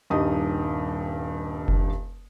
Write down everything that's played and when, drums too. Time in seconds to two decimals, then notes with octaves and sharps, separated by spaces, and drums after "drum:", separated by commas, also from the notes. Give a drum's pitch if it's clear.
0.10 D#1 G2 D#4 G4 D#5 D#6
1.68 drum: kick F#1